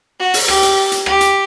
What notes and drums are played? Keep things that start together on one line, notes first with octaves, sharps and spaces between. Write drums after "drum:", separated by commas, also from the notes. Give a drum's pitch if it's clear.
F#4
drum: open hi-hat
G4, drum: rim click
drum: hi-hat
drum: hi-hat
G4, drum: rim click
drum: hi-hat